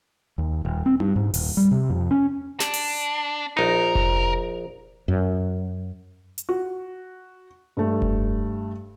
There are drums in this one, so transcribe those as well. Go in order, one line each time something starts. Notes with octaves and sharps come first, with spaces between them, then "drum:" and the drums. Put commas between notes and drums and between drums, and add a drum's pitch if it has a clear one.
D#2
D#1
C4
G2, drum: tom D#4
G#2
D#1, drum: open hi-hat
G3
C3
F2
C#4
D4, drum: snare
drum: open hi-hat
A#1 D#4 A#4
drum: kick F1
F#2
drum: hi-hat
F#4
G2 A3
drum: kick F1